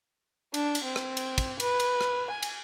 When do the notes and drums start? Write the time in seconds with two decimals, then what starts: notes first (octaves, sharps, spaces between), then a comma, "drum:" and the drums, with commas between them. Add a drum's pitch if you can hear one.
0.54 D4, drum: cymbal
0.75 drum: cymbal
0.84 C4
0.96 drum: rim click
1.17 drum: cymbal
1.38 drum: kick, cymbal
1.60 B4, drum: cymbal
1.80 drum: cymbal
2.01 drum: rim click
2.31 G#5
2.43 drum: cymbal